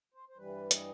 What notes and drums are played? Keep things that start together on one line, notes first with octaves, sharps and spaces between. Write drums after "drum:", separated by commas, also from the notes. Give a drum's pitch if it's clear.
C5
C5
G2 E3 G3 B4
D#5, drum: hi-hat